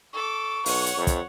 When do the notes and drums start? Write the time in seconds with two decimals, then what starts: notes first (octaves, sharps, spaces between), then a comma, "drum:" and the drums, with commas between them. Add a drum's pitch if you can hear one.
0.13 A4 C#6 D6
0.66 B1 C#5 F#5, drum: open hi-hat
0.86 drum: hi-hat
0.97 F2
1.07 drum: kick, hi-hat